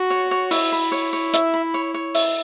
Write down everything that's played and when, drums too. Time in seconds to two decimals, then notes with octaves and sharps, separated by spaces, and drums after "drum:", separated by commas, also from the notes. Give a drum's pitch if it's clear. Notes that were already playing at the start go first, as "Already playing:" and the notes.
Already playing: F#4
0.10 C#5
0.31 C#5
0.51 E4 E5, drum: open hi-hat
0.72 B5
0.92 C#5
1.13 C#5
1.34 E5, drum: hi-hat
1.54 B5
1.74 C#5
1.94 C#5
2.15 E5, drum: open hi-hat